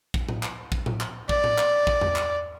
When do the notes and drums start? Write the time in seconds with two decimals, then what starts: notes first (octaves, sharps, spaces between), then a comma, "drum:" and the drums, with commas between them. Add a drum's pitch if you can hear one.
0.14 drum: kick
0.29 drum: tom A2
0.43 drum: clap
0.72 drum: kick
0.86 drum: tom A2
1.01 drum: clap
1.29 D5, drum: kick
1.44 drum: tom A2
1.58 drum: clap
1.87 drum: kick
2.01 drum: tom E2
2.16 drum: clap